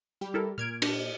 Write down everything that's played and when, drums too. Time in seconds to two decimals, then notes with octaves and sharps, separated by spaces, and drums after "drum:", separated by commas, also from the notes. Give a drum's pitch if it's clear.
0.21 G3 G4
0.34 E4 A4 A#4
0.58 A#2 F6 G#6 D7
0.82 D4, drum: cymbal